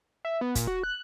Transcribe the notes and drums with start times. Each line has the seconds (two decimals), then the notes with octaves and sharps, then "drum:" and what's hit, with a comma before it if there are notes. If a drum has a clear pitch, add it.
0.25 E5
0.41 B3
0.55 A#2, drum: kick, hi-hat
0.67 F#4
0.84 F#6